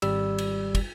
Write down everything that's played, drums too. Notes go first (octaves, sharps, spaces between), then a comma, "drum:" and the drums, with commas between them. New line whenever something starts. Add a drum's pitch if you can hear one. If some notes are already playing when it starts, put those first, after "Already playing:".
G#1 G3 E6, drum: cymbal
drum: cymbal
drum: kick, cymbal